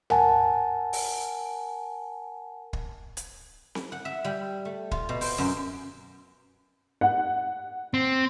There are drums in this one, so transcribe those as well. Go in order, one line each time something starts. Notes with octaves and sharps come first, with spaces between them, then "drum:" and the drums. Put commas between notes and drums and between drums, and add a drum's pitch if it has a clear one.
A#4 F#5 G#5 A5, drum: tom
drum: open hi-hat
drum: kick
drum: hi-hat
drum: snare C4
F#5
E5
G3
A3
F4, drum: kick
B2
C5, drum: open hi-hat
F#2
F#5
C4